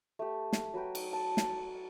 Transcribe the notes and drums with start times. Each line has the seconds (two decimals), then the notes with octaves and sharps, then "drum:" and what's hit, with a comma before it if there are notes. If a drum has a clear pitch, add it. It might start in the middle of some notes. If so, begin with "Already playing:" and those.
0.19 A3 G4
0.53 drum: snare
0.74 F#3 B4 G5
0.95 drum: cymbal
1.13 A5
1.37 drum: snare